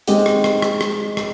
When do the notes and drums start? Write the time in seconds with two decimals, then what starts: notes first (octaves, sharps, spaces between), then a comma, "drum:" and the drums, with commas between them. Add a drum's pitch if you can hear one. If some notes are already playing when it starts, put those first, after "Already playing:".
0.08 G#3 C4 D#4 G4, drum: hi-hat
0.26 drum: rim click
0.44 drum: rim click
0.62 drum: rim click
0.81 drum: rim click
1.17 drum: rim click